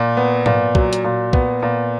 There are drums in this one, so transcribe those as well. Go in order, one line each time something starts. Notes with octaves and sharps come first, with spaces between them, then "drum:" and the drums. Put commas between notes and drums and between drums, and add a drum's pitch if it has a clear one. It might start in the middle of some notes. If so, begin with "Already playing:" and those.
Already playing: A#2
B3
A#2, drum: tom G#2
F#3, drum: kick
drum: hi-hat
A#2
B3, drum: kick
A#2